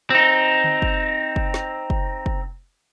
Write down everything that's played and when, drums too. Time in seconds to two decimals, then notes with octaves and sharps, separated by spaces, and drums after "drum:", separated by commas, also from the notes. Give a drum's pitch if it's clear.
0.10 C4 D#4
0.64 drum: tom D3
0.82 drum: kick
1.36 drum: kick
1.54 drum: snare
1.90 drum: kick
2.26 drum: kick